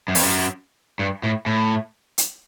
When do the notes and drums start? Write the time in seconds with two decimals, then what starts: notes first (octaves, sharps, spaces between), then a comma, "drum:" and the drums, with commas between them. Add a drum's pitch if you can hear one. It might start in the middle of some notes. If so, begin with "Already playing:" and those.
0.08 F#2
0.15 F2, drum: open hi-hat
0.23 F#2
0.99 G2
1.23 A2
1.46 A2
2.18 drum: hi-hat